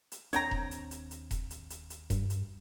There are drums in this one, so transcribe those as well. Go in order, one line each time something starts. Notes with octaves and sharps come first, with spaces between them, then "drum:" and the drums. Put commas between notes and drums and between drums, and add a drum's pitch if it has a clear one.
drum: hi-hat
D#2 C4 D4 C#5 G5 A#5, drum: hi-hat
drum: kick E1
drum: hi-hat
drum: hi-hat
drum: hi-hat
drum: kick E1, hi-hat
drum: hi-hat
drum: hi-hat
drum: hi-hat
G2, drum: kick E1, hi-hat
drum: hi-hat